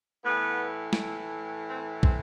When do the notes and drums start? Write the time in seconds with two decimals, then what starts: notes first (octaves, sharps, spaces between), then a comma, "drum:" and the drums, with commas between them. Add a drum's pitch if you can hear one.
0.25 A2 E3 B3
0.93 drum: snare
1.68 C4
2.03 C4, drum: kick